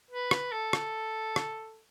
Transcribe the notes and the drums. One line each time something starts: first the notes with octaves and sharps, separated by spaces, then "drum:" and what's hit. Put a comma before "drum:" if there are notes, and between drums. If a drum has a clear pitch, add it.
B4
drum: rim click
A4
drum: rim click
drum: rim click